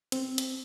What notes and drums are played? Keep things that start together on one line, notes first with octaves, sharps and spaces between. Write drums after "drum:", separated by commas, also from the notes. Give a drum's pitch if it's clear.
C4, drum: hi-hat
drum: hi-hat